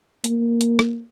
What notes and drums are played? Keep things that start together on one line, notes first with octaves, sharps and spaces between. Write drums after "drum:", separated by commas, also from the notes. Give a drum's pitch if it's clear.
A#3, drum: hi-hat
drum: hi-hat
drum: rim click